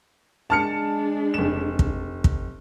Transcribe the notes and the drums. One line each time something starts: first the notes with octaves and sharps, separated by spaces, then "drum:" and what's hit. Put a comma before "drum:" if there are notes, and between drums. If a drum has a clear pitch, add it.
G#3 D4 A5 F6 C#7
F1 E7
drum: kick
drum: kick